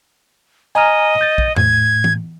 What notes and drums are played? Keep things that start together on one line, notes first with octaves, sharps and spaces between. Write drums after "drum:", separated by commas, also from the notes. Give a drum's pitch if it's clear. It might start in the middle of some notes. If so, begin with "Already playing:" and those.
D#5 G#5 A#5 F6
G6 A6
drum: kick A#1
A2 G#6, drum: tom E2
drum: tom E3